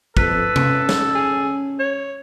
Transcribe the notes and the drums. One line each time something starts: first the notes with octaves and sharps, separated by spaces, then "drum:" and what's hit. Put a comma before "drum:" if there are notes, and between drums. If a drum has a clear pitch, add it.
F2 A4 B4, drum: kick
C#4, drum: tom C3
drum: snare
G#4
C#5